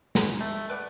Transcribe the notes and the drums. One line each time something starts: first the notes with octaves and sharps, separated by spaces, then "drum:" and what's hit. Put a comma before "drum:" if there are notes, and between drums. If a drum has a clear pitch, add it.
G#4 F#5 A#5 C6, drum: snare
A3
A3 B4 D5 F#5